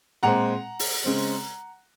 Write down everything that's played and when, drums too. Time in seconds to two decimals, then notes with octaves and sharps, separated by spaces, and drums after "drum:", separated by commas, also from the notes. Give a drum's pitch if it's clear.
0.23 A#2 G#3 C4 F#5 A#5
0.79 drum: open hi-hat
1.04 C#3 G#3 C4